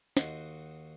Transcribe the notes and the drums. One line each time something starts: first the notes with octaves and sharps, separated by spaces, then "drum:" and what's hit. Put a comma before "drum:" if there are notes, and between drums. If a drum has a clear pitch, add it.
D#2 D#4 F#4 C6, drum: snare